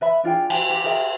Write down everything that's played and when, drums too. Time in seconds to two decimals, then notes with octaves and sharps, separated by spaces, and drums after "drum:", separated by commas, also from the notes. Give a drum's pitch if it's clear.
0.01 B4 E5 B5
0.24 D4 F4 G#4 G5
0.50 G5 G#5, drum: cymbal
0.70 G4
0.84 G#4 A#4 E5 G5